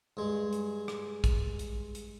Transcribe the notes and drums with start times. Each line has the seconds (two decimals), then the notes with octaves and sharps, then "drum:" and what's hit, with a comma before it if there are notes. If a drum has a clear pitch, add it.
0.17 G2 G#3
0.53 drum: hi-hat
0.88 drum: rim click
1.24 drum: kick A#1, hi-hat
1.59 drum: hi-hat
1.95 drum: hi-hat